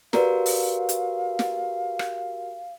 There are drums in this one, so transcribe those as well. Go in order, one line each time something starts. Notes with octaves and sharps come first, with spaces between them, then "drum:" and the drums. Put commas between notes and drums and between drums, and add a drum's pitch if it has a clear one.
F#4 G4 A#4 B4 D5 F5 A#5, drum: snare
drum: open hi-hat
drum: hi-hat
drum: snare
drum: rim click